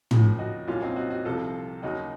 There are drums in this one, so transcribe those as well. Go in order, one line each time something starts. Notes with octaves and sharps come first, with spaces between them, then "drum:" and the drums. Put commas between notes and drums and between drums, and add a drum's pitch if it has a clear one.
D#2 C#3 F3, drum: tom
D#4 F#4
C2 A#2 F#3 C#4 F4
C4 D#4
D#4 F#4
D#4 F#4
C2 C3 F3 F4 A4
D#2 C#3 F#3 D#4 F#4